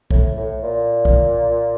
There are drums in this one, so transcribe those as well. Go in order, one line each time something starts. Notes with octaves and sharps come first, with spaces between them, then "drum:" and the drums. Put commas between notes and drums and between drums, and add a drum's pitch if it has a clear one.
A2, drum: kick B1
A2
A#2
drum: kick B1